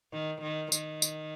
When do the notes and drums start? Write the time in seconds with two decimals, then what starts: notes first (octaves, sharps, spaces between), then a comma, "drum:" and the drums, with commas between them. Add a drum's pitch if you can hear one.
0.12 D#3
0.42 D#3
0.72 D#3, drum: tambourine
1.02 drum: tambourine